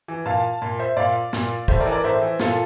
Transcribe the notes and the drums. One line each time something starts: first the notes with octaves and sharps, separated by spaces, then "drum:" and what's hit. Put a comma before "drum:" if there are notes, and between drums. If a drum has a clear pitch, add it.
E3
A#2 F5 A5
A#2
C5 E5
A#2 D5 F5
A#2, drum: snare
A2 C5 E5, drum: kick
A#4 D5
E3
A#4 D5
A2 C5 E5
E3
A#2 F4 A4, drum: snare